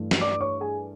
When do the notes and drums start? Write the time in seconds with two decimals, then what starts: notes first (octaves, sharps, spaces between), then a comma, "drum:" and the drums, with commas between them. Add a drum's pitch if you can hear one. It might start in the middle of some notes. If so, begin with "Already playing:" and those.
Already playing: G2 E3 A3
0.11 drum: snare
0.21 D5 D6
0.31 D6
0.41 C#5 C#6
0.60 G#4 G#5